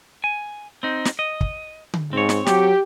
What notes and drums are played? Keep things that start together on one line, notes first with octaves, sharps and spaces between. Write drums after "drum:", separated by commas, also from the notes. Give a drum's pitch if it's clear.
G#5
C4 D#4
drum: snare
D#5
drum: kick
drum: tom D3
G#2 C4 C#5
drum: snare
F#3 G4, drum: snare